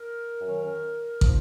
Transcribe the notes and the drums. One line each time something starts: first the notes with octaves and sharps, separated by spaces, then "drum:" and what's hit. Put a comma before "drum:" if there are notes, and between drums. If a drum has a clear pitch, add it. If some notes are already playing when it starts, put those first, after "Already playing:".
Already playing: A#4
F#2 D#3 F#3 C#4
F3 G#3 D#4 C5, drum: kick